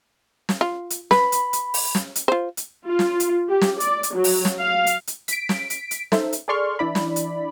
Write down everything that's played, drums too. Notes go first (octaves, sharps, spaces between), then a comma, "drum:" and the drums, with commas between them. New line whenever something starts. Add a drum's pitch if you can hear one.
drum: snare
F4
drum: hi-hat
B4 B5, drum: snare
drum: hi-hat
drum: hi-hat
drum: open hi-hat
drum: snare
drum: hi-hat
F4 C5
drum: hi-hat
F4
drum: snare
drum: hi-hat
G4
drum: snare
D5, drum: hi-hat
drum: hi-hat
F#3
drum: open hi-hat
drum: snare
F5
drum: hi-hat
drum: hi-hat
B6 D7, drum: hi-hat
drum: snare
drum: hi-hat
drum: hi-hat
D#4 A4 C5 E5, drum: snare
drum: hi-hat
G#4 A4 D5 C6 C#6 F6
E3 D4 E4 D5 B5
drum: snare
drum: hi-hat